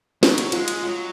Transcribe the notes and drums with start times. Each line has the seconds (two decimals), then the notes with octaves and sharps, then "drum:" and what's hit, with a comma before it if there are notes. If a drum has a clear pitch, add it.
0.23 F#3 D#4, drum: snare
0.38 drum: cymbal
0.52 G#3 F4, drum: cymbal
0.68 drum: cymbal
0.83 F#3 F4